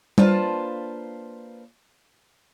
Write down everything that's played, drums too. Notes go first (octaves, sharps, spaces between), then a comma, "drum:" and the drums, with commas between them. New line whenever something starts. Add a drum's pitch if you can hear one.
A#3 D4 F4 B4 C5 A5, drum: tom G3